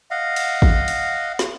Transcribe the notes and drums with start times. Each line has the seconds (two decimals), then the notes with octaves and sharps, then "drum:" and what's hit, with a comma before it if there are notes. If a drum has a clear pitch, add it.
0.11 D#5 F5 F#5
0.36 drum: cymbal
0.62 drum: kick G#1
0.88 drum: cymbal
1.39 drum: snare